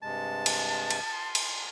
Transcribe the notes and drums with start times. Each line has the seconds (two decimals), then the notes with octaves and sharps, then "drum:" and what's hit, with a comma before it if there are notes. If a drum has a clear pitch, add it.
0.03 G2 C3 G#3 A5
0.46 drum: cymbal
0.90 drum: cymbal
1.13 C6
1.35 drum: cymbal